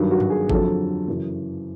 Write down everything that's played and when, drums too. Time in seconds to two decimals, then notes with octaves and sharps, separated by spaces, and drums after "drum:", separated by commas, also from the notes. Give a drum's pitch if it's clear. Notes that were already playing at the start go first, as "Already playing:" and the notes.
Already playing: G2 D#3 F#3
0.11 F#4
0.20 drum: tom G2
0.30 G#4
0.49 F2 D3 F#3 A4, drum: kick G#1
1.08 F#2 C#3 E3